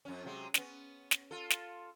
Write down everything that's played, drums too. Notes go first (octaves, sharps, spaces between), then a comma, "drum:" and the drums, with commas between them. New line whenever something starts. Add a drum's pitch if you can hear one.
F2 C#4
C3 F#3 G#3
B3 C#4, drum: snare
drum: snare
F4 A4
drum: snare